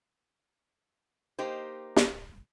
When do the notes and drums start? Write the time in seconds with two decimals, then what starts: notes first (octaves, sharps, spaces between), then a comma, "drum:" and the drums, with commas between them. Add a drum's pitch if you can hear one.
1.39 A#3 D#4 G4 C5
1.96 drum: snare